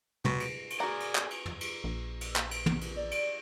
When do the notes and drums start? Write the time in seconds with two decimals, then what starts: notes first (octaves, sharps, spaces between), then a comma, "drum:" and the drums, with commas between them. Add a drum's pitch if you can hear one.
0.25 B2, drum: tom
0.40 drum: cymbal
0.70 drum: cymbal
0.80 F#4 G#4 A#4 D5 F#5 A#5
1.00 drum: cymbal
1.15 drum: clap
1.30 drum: cymbal
1.46 drum: tom
1.61 drum: cymbal
1.84 A#1
2.21 drum: cymbal
2.36 drum: clap
2.51 drum: cymbal
2.66 drum: tom
2.81 drum: cymbal
2.96 D5
3.11 drum: cymbal